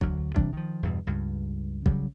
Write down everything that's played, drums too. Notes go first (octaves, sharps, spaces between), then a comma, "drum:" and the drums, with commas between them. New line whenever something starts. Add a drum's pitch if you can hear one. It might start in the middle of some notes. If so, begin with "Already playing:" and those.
D2 D3 F#3, drum: kick
C3 E3 G3 D4, drum: kick
D#3 F3
E2 G2 B2
C#2 G2
C#3 F#3 G3, drum: kick